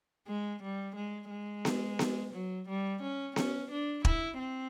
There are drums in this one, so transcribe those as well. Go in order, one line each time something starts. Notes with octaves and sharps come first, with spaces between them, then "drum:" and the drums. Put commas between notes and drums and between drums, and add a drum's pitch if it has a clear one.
G#3
G3
G#3
G#3
drum: snare B3
drum: snare B3
F#3
G3
C#4
C#4, drum: snare B3
D4
E4, drum: kick
C4